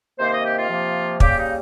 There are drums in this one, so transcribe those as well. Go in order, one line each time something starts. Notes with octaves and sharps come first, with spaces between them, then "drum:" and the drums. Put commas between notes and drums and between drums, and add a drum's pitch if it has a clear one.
C3 D#3 A#3 C5
D#5
G4
F4
C3 F3 A#3
C#3 G3 A#3 G4, drum: kick
D#4